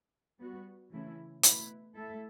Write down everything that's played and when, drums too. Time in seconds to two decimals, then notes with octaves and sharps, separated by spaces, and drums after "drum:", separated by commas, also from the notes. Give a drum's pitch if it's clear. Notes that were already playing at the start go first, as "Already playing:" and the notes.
0.39 G3 B3 F#4
0.91 C#3 E3 A3 C#4 E4
1.43 B2 A3 E4 B4, drum: hi-hat
1.96 A3 E4 A4 E5